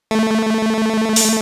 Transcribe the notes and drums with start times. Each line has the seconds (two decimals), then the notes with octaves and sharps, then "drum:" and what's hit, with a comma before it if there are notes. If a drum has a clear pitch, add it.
0.11 A3
1.16 drum: open hi-hat